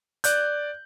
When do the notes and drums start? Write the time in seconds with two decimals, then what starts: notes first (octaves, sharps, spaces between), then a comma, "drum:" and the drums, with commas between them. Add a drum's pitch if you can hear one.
0.24 D5 F#6 G6, drum: hi-hat